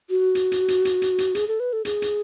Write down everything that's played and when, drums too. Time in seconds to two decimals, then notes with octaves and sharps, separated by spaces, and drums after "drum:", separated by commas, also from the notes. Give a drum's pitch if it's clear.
0.10 F#4
0.35 drum: hi-hat
0.52 drum: hi-hat
0.68 drum: hi-hat
0.85 drum: hi-hat
1.02 drum: hi-hat
1.18 drum: hi-hat
1.35 G#4, drum: hi-hat
1.48 A4
1.60 B4
1.73 A4
1.85 G#4, drum: hi-hat
2.02 drum: hi-hat